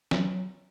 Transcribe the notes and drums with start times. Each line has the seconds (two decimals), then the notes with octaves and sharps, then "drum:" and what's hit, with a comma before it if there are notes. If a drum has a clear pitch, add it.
0.11 F#3, drum: snare